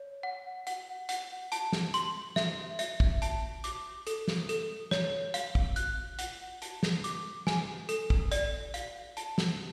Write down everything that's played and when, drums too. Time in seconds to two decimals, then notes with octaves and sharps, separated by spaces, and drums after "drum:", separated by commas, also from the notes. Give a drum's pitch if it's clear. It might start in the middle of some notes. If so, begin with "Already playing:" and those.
Already playing: C#5
0.23 F#5
0.67 F#5, drum: hi-hat
1.09 F#5, drum: hi-hat
1.52 A5, drum: hi-hat
1.72 drum: snare
1.94 C6, drum: hi-hat
2.36 E5, drum: snare
2.79 E5, drum: hi-hat
3.00 drum: kick
3.22 A5, drum: hi-hat
3.64 D6, drum: hi-hat
4.07 A4, drum: hi-hat
4.28 drum: snare
4.49 A4, drum: hi-hat
4.91 C#5, drum: snare
5.34 F5, drum: hi-hat
5.55 drum: kick
5.76 F#6, drum: hi-hat
6.19 F#5, drum: hi-hat
6.62 A5, drum: hi-hat
6.83 drum: snare
7.04 D6, drum: hi-hat
7.47 G#5, drum: snare
7.89 A4, drum: hi-hat
8.10 drum: kick
8.32 D5, drum: hi-hat
8.74 F5, drum: hi-hat
9.17 A5, drum: hi-hat
9.38 drum: snare